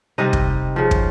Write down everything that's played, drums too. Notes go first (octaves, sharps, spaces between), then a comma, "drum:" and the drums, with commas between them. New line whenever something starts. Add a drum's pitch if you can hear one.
C3 G3 D#4 D#5
drum: kick
C#3 F3
drum: kick